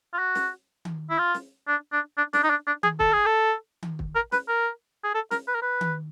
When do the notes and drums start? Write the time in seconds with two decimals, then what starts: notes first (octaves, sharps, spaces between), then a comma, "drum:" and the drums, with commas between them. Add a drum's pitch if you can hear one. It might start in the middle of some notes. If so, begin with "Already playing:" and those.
0.13 F4
0.19 F#4
0.35 drum: snare
0.85 drum: tom D#3
1.10 E4
1.19 F4
1.35 drum: snare
1.68 D4
1.92 D4
2.17 D4
2.33 D4, drum: snare
2.43 D#4
2.50 D4
2.67 D4
2.83 G#4, drum: tom D#3
2.99 A4, drum: kick
3.13 G#4
3.26 A4
3.82 drum: tom D#3
3.99 drum: kick
4.15 A#4
4.32 B4, drum: snare
4.48 A#4
5.04 G#4
5.15 A4
5.31 A#4, drum: snare
5.48 B4
5.55 A#4
5.62 B4
5.81 drum: tom D#3